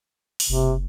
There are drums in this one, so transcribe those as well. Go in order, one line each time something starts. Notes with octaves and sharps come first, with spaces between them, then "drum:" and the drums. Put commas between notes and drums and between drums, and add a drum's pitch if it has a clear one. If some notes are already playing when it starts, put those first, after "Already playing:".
drum: open hi-hat
F#1 C3